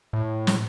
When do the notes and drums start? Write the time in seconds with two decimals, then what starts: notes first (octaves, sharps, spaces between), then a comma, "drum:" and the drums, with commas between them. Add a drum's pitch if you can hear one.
0.13 A2
0.47 drum: snare